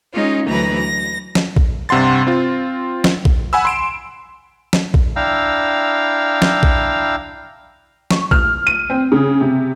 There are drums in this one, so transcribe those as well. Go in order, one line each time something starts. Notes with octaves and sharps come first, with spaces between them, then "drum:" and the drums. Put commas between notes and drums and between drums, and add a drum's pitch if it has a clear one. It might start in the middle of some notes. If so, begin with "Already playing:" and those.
G#3 C#4 D#4 F4
D2 E3 F#3 B4 A#5 A#6
A#6
drum: snare
drum: kick A#1
G2 C3 F#5 C6 A6
C4 F4
drum: snare
drum: kick A#1
F#5 G#5 B5 E6
C6 D7 E7
drum: snare
drum: kick A#1
D4 E4 F5 G5 A#5 E6
drum: snare
drum: kick A#1
C#6, drum: snare
F6, drum: kick A#1
D#7
C4
C#3
C3